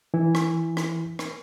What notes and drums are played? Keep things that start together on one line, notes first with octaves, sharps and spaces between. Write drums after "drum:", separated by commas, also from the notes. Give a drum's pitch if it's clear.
E3 E4
drum: rim click
drum: rim click
drum: rim click